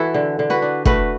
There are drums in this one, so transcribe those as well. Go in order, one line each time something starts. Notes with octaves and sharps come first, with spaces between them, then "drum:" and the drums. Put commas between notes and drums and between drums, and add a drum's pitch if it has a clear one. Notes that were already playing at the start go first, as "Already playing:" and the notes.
Already playing: E3 E4 F#4 A4
D3
D3
F#4 B4
D4
A3 F#4 B4, drum: kick